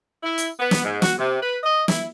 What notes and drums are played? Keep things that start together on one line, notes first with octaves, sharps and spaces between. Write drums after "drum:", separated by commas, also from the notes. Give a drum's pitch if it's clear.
E4
drum: hi-hat
B3
drum: snare
G#2
F#4, drum: snare
C3
B4
D#5
E4, drum: snare